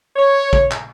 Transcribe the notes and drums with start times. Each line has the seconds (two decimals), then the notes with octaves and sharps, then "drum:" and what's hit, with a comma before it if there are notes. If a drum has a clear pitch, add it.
0.16 C#5
0.53 drum: kick
0.71 drum: clap